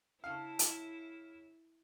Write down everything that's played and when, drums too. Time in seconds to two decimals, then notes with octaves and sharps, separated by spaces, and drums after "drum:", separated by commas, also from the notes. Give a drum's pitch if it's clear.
0.24 C#3 C#4 E4 F5 A5
0.59 drum: hi-hat